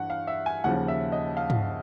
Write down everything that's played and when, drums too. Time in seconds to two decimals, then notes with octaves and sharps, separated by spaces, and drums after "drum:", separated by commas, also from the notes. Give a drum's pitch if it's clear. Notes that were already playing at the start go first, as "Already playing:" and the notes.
Already playing: G2 E3 F#5
0.10 F5
0.27 E5
0.46 G#5
0.64 D#2 C#3 F3 F#5
0.88 E5
1.12 D#5
1.37 F5
1.50 drum: tom